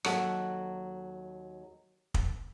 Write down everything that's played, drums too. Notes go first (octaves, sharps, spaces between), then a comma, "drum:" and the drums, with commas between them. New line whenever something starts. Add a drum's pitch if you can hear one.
D#2 F#3 A4 E5 F#5, drum: rim click
drum: kick